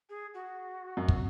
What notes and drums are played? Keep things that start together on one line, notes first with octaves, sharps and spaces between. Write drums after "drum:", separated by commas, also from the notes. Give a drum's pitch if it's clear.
G#4
F#4
F#2
drum: kick